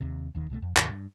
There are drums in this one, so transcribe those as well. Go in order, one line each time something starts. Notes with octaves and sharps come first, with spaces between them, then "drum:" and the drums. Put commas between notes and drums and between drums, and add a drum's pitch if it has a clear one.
D#2 C3
E1 D#2 D#3
C2 B2 F#3 A3
F2
D#2 G#2 C3 E3, drum: clap
G2